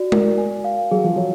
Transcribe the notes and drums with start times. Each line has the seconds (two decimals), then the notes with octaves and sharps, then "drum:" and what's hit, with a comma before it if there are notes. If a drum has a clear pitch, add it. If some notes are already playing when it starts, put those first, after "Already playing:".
Already playing: F#4 D5
0.12 A#4, drum: tom G#3
0.38 G#5
0.64 F5
0.91 F#3 G#4
1.04 F3
1.16 F#3 C#5